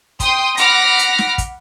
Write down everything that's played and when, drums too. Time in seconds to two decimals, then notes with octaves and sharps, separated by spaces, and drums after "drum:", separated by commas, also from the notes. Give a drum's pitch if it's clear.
0.20 G5 C6 D#6, drum: kick, hi-hat
0.57 F#5 B5 D6 F6 A#6, drum: hi-hat
0.99 drum: hi-hat
1.18 drum: snare
1.38 drum: kick, hi-hat